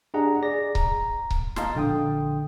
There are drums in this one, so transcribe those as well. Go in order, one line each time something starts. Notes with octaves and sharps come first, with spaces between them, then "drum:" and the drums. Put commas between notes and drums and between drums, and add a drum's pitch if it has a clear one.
D4 G4 G#4 D#5 F#5 A#5
G#4 D5 A#6
A#5, drum: kick C#1
drum: kick C#1
D#5 F5 A5 A#5 C6, drum: snare
A#1 D3 G5 D#6